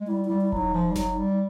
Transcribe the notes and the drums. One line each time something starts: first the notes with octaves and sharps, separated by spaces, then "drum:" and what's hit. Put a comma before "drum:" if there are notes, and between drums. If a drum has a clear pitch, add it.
G#3
G3 E4
G3 E4
E4
F#3, drum: kick E1
D#4
F3
G3
F#3, drum: snare F#1
G3